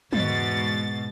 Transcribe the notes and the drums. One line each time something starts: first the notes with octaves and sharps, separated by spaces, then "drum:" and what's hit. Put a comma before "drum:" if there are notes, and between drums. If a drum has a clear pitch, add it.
E2 G#2 B2 A6, drum: tom